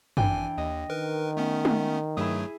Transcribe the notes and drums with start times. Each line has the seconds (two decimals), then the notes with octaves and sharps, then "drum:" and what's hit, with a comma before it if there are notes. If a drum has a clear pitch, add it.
0.17 G#1 E3 D4 G5 G#5, drum: tom F#2
0.58 D#2 D#5
0.90 D#3 A#4 B4
1.37 A3 B3 C#4
1.65 drum: tom
2.17 G2 F#3 A3 E4 G#4 D#6